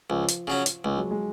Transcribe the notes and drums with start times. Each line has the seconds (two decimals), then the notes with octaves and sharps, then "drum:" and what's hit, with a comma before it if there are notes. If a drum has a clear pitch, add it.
0.10 C#2 F3
0.28 drum: hi-hat
0.47 C#3 F#3 C#4
0.66 drum: hi-hat
0.84 C#2 G#3
0.97 F#3
1.11 G#3